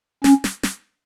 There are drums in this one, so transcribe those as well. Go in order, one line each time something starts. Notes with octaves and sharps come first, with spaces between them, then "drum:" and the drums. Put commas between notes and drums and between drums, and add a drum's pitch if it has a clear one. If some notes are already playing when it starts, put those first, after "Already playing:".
C#4, drum: snare
drum: snare
drum: snare